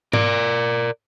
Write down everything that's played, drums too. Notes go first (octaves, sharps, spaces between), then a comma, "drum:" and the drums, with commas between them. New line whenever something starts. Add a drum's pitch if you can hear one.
A#4 D5, drum: tom G#2